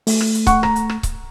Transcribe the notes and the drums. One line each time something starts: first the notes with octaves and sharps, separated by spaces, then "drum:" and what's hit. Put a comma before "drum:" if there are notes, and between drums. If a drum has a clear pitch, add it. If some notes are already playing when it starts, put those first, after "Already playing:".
A3, drum: open hi-hat
drum: rim click
drum: hi-hat
F#5 C#6, drum: kick C#1, hi-hat
A#5, drum: rim click
drum: hi-hat
drum: rim click
drum: kick C#1, hi-hat